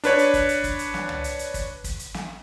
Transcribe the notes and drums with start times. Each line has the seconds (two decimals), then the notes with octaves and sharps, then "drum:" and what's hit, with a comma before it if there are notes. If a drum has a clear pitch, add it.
0.04 D4 B4 C#5, drum: hi-hat
0.19 drum: hi-hat
0.34 drum: kick, hi-hat
0.49 drum: hi-hat
0.64 drum: kick, hi-hat
0.79 drum: hi-hat
0.94 drum: snare
1.09 drum: tom
1.24 drum: hi-hat
1.39 drum: hi-hat
1.54 drum: kick, hi-hat
1.84 drum: kick, hi-hat
1.99 drum: hi-hat
2.14 drum: snare